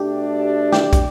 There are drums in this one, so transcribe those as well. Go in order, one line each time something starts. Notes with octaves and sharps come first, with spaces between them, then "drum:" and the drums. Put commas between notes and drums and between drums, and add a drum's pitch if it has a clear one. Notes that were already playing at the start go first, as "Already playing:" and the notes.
Already playing: B2 A3 D4 G4
G4, drum: snare
drum: kick, hi-hat